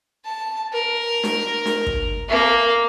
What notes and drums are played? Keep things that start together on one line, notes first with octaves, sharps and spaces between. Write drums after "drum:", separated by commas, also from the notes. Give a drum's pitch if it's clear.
A5
A#4
drum: snare
drum: snare
drum: kick
A#3